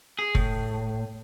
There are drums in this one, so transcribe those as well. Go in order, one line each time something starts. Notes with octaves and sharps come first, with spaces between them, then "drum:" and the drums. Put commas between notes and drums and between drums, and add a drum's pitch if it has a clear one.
G#4
A2, drum: kick F#1